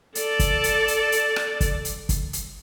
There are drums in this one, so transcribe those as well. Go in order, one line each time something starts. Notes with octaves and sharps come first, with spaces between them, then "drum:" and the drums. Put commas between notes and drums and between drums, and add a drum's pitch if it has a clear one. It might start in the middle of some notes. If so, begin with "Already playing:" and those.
A4 D5, drum: hi-hat
drum: kick, hi-hat
drum: hi-hat
drum: hi-hat
drum: hi-hat
drum: rim click
drum: kick, hi-hat
drum: hi-hat
drum: kick, hi-hat
drum: hi-hat